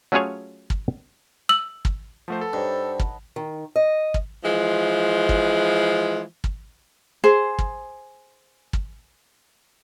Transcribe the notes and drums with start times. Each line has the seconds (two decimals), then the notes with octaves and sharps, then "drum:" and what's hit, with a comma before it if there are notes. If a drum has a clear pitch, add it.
0.12 F#3 A3 C#4 F4 G#4 C#5
0.70 drum: kick
1.49 E6 F#7
1.85 drum: kick
2.28 F3 A3 C5 F#5 A5
2.41 A4 B4
2.53 G2 D#4 C5 C#5
2.99 drum: kick
3.36 D#3
3.76 D#5
4.14 drum: kick
4.44 E3 F3 G#3
5.29 drum: kick
6.44 drum: kick
7.24 G#4 C5
7.59 drum: kick
8.73 drum: kick